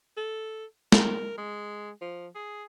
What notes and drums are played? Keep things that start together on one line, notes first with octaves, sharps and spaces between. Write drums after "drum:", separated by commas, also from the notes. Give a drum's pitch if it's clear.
A4
A#4, drum: snare
G#3
F3
G#4